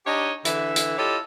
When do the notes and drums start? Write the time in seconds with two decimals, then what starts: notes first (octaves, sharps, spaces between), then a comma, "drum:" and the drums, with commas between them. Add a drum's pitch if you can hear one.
0.06 D4 D#4 G4 C#5 D#5
0.45 D3 E3 E5, drum: hi-hat
0.76 drum: hi-hat
0.98 E4 F4 G4 A4 C#5 D#5